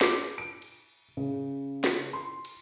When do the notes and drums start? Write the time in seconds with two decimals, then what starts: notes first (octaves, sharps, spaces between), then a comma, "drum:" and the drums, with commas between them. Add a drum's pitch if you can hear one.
0.01 D6, drum: snare
0.38 D7
0.62 drum: cymbal
1.17 C#3
1.84 drum: snare
2.13 C6
2.45 drum: cymbal